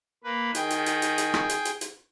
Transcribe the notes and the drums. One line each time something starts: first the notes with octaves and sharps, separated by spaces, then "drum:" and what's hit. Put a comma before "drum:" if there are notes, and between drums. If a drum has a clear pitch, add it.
A#3 B4
D#3 G#4 G5, drum: hi-hat
drum: hi-hat
drum: hi-hat
drum: hi-hat
drum: hi-hat
drum: rim click
drum: hi-hat
drum: hi-hat
drum: hi-hat